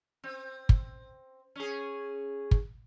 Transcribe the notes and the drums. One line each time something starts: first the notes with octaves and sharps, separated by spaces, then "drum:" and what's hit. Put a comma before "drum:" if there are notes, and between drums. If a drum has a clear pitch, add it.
C4
drum: kick
C#4 G#4
drum: kick